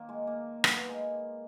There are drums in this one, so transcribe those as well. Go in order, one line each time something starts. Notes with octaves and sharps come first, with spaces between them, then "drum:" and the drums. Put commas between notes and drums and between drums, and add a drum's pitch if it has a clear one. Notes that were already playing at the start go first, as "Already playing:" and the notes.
Already playing: D#3 A#3
G#3
A#3
B3, drum: rim click
A#3
G#3